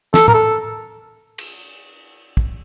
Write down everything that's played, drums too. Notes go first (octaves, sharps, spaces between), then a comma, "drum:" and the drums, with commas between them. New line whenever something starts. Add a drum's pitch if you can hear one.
A4, drum: snare
A#4, drum: tom
A4
drum: cymbal
drum: kick